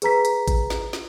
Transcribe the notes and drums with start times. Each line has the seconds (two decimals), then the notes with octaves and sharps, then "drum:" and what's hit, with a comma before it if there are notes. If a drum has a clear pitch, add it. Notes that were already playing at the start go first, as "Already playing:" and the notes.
0.02 G#4 B4 A#5 B6, drum: hi-hat
0.25 drum: hi-hat
0.48 drum: kick A1, hi-hat
0.70 drum: snare
0.93 drum: snare